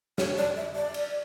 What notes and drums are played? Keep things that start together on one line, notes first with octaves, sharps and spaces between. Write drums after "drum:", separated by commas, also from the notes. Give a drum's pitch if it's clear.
C#5, drum: snare
D5
E5
D5
drum: cymbal